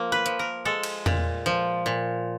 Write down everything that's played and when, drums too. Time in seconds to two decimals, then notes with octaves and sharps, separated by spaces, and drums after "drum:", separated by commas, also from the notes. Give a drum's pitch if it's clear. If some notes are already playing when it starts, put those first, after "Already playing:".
Already playing: F3 A#3
0.12 B4
0.26 F3, drum: hi-hat
0.39 A#4
0.65 G#3 A4
0.83 drum: cymbal
1.06 A#2, drum: tom E2
1.46 F3
1.86 A#2